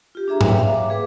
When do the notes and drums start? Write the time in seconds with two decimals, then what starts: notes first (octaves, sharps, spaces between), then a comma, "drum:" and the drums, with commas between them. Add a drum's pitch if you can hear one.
0.15 F4 G4
0.28 D4 G#4 E5 A#5
0.41 B4 C#5 E5 F#5 G5 A#5, drum: tom G#2
0.58 E5 F5
0.74 D6
0.89 A#3 G#4 B4